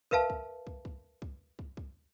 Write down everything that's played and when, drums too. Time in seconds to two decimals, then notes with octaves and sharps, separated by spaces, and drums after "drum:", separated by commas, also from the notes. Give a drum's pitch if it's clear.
0.11 A#4 B4 E5 F5 A5, drum: kick
0.30 drum: kick
0.67 drum: kick
0.85 drum: kick
1.22 drum: kick
1.59 drum: kick
1.77 drum: kick